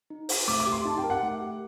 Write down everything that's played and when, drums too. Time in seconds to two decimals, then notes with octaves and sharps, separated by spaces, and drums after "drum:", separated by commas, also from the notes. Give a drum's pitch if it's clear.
0.10 D#4
0.29 C5, drum: open hi-hat
0.48 A3 D6
0.60 D6
0.66 G4
0.72 C6
0.85 D#4 A5
0.98 G5
1.04 A#4
1.10 F#5
1.23 A3
1.41 G4